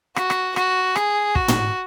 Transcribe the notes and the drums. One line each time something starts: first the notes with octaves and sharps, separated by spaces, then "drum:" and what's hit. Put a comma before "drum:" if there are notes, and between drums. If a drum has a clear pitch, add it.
F#4, drum: rim click
drum: rim click
F#4, drum: rim click
G#4, drum: rim click
F#4, drum: kick
drum: tom